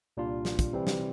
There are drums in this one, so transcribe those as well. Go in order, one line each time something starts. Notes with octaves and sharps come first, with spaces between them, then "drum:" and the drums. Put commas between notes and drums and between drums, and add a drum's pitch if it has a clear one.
C2 A#2 G3 D4 F4
drum: snare
drum: kick, hi-hat
C3 E3 G3 C4
drum: snare